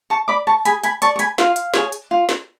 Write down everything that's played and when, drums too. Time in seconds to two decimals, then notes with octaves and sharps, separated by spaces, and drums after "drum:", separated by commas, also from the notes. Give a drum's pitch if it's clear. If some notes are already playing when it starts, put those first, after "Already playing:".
0.10 A5 C#6
0.28 D5 B5 D6
0.47 A5 C#6
0.65 G#4 G#5 B5, drum: hi-hat
0.83 G#5 B5, drum: hi-hat
1.02 D5 A5 C#6, drum: hi-hat
1.16 C#6
1.19 G#5 B5, drum: hi-hat
1.38 F4 F5, drum: snare
1.56 drum: hi-hat
1.74 G#4 C#5, drum: snare
1.92 drum: hi-hat
2.11 F4
2.29 drum: snare